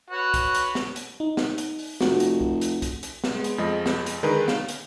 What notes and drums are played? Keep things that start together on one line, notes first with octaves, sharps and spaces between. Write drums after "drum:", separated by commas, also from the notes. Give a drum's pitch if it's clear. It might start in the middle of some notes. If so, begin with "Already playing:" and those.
F#4 B4 C#5
drum: kick, hi-hat
drum: hi-hat
drum: snare
drum: hi-hat
D#4
drum: snare
drum: hi-hat
drum: open hi-hat
F1 F#4, drum: snare
drum: hi-hat
drum: kick
drum: hi-hat
drum: kick, hi-hat
drum: hi-hat
drum: snare
G#3 B3
drum: hi-hat
F2 F3 G#3 D#5
drum: snare
drum: hi-hat
D3 D#3 G#3 G#4 A#4 B4
F5, drum: snare
drum: hi-hat